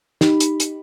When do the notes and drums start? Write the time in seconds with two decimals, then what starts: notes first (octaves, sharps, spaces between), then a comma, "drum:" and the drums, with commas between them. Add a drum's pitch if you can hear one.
0.21 D#4 G4 B5, drum: snare
0.40 drum: hi-hat
0.60 drum: hi-hat